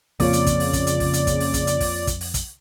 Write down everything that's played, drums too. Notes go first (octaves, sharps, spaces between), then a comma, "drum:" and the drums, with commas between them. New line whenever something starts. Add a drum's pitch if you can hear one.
F2 C#3 A#3 F4 C#5 D5, drum: kick, open hi-hat
drum: hi-hat
drum: kick, hi-hat
drum: open hi-hat
drum: kick, hi-hat
drum: hi-hat
drum: kick, open hi-hat
drum: hi-hat
drum: kick, hi-hat
drum: open hi-hat
drum: kick, hi-hat
drum: hi-hat
drum: kick, open hi-hat
drum: kick, hi-hat
drum: open hi-hat
drum: kick, hi-hat